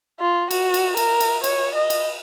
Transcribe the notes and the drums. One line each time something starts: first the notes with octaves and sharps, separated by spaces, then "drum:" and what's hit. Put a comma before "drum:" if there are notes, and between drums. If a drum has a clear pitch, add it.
F4
F#4, drum: cymbal
drum: cymbal
A#4, drum: cymbal
drum: cymbal
C#5, drum: cymbal
D#5
drum: cymbal